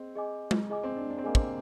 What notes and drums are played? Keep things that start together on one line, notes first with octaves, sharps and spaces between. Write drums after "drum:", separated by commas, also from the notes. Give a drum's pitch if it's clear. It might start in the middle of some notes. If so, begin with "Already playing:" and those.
Already playing: C4 G#4 D#5
G#4 D#5 G#5 D6
drum: tom G#3
G#4 D#5 G#5 D6
C4
D4
D4
C4
A#3 G#4 D#5 G#5 D6
C4, drum: kick